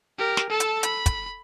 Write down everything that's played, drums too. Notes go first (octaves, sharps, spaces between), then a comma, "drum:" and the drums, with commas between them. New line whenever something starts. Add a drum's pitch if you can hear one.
G4 A#4
drum: snare
A4 A5
drum: hi-hat
B5, drum: hi-hat
drum: kick, hi-hat